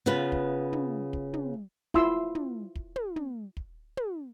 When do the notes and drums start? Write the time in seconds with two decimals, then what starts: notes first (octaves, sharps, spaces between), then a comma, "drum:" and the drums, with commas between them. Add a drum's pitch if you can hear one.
0.06 C#3 B3 F4 B4
0.32 drum: kick
0.73 drum: tom
1.13 drum: kick
1.33 drum: tom
1.94 E4 F4 C6 E6, drum: kick
2.35 drum: tom
2.75 drum: kick
2.96 drum: tom
3.16 drum: tom
3.57 drum: kick
3.97 drum: tom